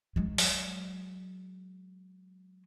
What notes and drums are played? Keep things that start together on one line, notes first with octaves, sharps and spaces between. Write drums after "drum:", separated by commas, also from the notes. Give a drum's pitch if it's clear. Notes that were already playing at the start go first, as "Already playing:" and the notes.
F#3 G#3
drum: open hi-hat